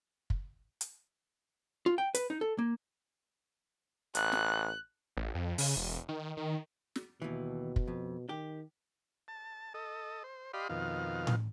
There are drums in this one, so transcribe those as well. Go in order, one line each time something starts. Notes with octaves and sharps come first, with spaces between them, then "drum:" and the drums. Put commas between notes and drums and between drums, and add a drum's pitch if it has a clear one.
drum: kick
drum: hi-hat
F4
G5
B4, drum: hi-hat
D#4
A4
A#3
A1 F#6, drum: hi-hat
drum: snare
A1
F2
C#3, drum: open hi-hat
E1
D#3
D#3
drum: snare
D#2 B2 E3
drum: kick
F2
D#3 G4
A5
A4 D#5
C5
G4 D5 D#5 F5 B5 C6
F2 B2 D#3 F5
drum: tom A2